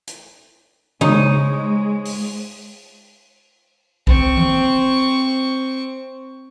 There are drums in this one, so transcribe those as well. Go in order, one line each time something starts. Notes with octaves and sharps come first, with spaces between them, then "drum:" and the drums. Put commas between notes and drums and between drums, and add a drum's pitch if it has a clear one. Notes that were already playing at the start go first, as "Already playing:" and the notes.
drum: hi-hat
G#3 D#4 C5 C#5 C#6, drum: tom
drum: open hi-hat
C4 C#6, drum: kick A#1
drum: tom E3